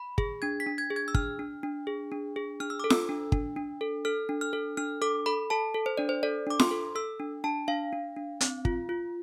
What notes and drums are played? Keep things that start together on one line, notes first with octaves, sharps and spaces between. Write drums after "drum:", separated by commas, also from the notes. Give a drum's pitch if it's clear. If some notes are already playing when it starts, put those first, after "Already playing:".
Already playing: B5
G#4, drum: kick
D4 G#6
B6
D4
G#6
G#4
G#6
E6
D4 F6, drum: kick
D4
D4
G#4
D4
G#4
D4 F6
E6
A4 D6
E6, drum: snare F4
D4
D4, drum: kick
D4
A4
A4 F6
D4
F6
A4
D4 F6
A4 D6
A4 B5
A4 A5
A4
C5
D4 D5
C5
A4 D5
D4 D6
C6, drum: snare F4
A4
A4 E6
D4
D4 A5
D4 F5
D4
D4
C4, drum: hi-hat
F4, drum: kick
F4